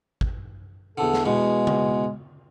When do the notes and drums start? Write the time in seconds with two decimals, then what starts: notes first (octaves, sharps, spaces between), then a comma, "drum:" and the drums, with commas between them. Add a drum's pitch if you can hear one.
0.21 drum: kick G#1
0.98 E2 D3 A4
1.13 drum: snare
1.26 E2 B2 G#3
1.67 drum: tom C#3